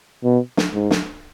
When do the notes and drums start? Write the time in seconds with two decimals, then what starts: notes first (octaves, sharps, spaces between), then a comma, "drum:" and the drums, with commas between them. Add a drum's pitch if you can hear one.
0.24 B2
0.57 drum: snare
0.74 G#2
0.91 drum: snare